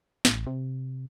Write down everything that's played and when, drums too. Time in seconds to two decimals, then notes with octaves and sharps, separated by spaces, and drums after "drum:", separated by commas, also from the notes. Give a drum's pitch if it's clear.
0.25 A1, drum: snare
0.47 C3